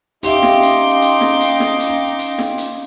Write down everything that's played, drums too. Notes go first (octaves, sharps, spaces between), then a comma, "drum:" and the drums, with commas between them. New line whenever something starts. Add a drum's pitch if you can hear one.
C#4 D#4 G4 E5 F5 G5 C6 D6, drum: hi-hat
drum: snare
drum: hi-hat
drum: hi-hat
drum: snare
drum: hi-hat
drum: snare
drum: hi-hat
drum: hi-hat
drum: snare
drum: hi-hat